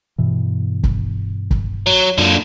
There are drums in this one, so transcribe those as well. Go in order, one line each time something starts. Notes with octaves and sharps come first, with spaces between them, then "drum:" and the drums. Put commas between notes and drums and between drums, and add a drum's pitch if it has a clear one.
G2 B2 E3
drum: kick
drum: kick
F#3
F#2 A#2 D3 F#3